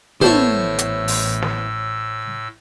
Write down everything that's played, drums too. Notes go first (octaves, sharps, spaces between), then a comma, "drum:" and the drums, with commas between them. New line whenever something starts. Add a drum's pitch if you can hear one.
A1 A2 E3 B3 A4 C5 C#5 E6, drum: tom
drum: hi-hat
drum: open hi-hat
drum: snare